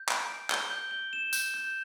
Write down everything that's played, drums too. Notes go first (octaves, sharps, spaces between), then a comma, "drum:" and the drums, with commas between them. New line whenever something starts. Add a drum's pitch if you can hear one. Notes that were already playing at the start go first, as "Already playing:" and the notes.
Already playing: G6
D7, drum: clap
D7
G7, drum: clap
G6
G7
E7
G6, drum: tambourine
G6